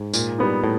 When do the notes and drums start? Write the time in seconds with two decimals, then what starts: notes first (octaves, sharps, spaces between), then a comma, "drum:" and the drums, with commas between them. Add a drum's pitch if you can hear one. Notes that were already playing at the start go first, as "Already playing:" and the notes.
Already playing: G#2
0.14 A#2, drum: tambourine
0.38 G3 B3 D#4
0.64 A2